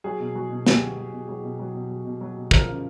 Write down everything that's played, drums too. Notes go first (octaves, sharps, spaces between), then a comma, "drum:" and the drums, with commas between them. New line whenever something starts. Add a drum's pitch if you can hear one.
F#3 G#4
B2
F#3 F#4
B2
F#3 G4, drum: snare
B2
F#3
B2
F#3 G#4
B2
F#3
B2
F#3
B2
F#3
B2
F3 A#4, drum: kick
C#3